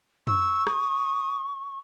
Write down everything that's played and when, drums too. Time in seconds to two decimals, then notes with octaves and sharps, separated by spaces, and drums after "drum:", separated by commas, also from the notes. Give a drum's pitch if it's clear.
0.27 C#6 E6, drum: tom
0.67 D#6, drum: rim click